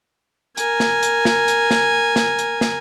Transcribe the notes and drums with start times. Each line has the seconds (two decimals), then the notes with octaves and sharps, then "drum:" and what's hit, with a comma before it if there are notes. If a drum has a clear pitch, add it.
0.57 A#4 G#5, drum: hi-hat
0.80 drum: snare
1.03 drum: hi-hat
1.25 drum: snare
1.48 drum: hi-hat
1.71 drum: snare
2.16 drum: snare
2.39 drum: hi-hat
2.61 drum: snare